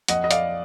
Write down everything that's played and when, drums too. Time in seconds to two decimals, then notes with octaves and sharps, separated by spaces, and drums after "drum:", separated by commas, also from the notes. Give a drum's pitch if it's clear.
0.08 F2 D#5 F#5, drum: hi-hat
0.24 D#5
0.31 D5 F5, drum: hi-hat